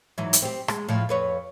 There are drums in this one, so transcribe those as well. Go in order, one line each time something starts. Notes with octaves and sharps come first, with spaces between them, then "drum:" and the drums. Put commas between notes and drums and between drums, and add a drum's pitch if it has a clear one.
G#2 E3 F#3
drum: hi-hat
C4 G4
G#3, drum: rim click
A2 F3
F2 B4 C#5